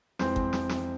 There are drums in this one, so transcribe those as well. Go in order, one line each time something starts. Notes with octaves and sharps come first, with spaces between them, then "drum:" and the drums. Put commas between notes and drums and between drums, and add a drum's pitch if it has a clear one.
F2 E3 G#3 C4 C5, drum: snare
drum: kick G1
drum: snare
drum: snare